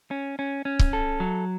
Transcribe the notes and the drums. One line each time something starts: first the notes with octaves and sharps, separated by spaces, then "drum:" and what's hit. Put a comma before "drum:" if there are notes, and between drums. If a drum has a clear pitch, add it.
C#4
C#4
C#4
drum: kick C#1
A4
F#3